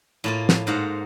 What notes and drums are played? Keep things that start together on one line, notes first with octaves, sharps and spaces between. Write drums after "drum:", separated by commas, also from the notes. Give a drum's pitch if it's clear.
A2 A#3 F4
drum: snare
G#2 A#3 A#4 C5 F5 F#5